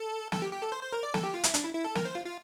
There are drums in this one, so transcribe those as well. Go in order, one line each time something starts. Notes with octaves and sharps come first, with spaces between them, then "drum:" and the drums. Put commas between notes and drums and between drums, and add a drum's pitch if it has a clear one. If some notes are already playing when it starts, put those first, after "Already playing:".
Already playing: A4
A4, drum: snare
G4
G4
A4
C5
C5
A#4
D5
A4, drum: snare
G4
F4
E4, drum: hi-hat
D4, drum: hi-hat
E4
E4
A4
A#4, drum: snare
C5
F4
F4